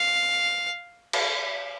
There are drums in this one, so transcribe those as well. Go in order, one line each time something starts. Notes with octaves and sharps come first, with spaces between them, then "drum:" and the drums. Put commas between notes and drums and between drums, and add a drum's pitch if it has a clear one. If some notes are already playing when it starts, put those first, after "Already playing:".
Already playing: F5
drum: cymbal